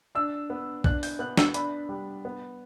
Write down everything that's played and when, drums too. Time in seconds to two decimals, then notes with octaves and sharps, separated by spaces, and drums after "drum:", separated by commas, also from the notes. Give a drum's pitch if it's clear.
0.15 D4 E6
0.50 B3
0.84 D4 F#6, drum: kick B1
1.03 G6, drum: open hi-hat
1.19 B3 F#6
1.37 E6, drum: snare
1.54 D4 B5, drum: hi-hat
1.89 G3
2.25 B3